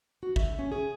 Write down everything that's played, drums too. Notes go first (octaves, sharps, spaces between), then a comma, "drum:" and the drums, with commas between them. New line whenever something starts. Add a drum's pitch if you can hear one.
F#4
E5, drum: kick
C#4
G#4